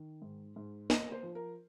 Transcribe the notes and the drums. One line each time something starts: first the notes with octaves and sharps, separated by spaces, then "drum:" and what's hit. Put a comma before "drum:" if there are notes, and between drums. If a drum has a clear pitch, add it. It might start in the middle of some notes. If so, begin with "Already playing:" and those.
Already playing: D#3
G#2
G#2
A#3 D#5, drum: snare
C5
F3
A#4